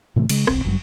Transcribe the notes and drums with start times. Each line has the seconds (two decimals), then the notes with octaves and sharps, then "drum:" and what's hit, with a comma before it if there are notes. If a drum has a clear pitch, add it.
0.16 A2 C3 E3 A3
0.29 C#3 G#3, drum: cymbal
0.47 D1 B1 C4, drum: rim click
0.64 G1 F#2 F#3 G3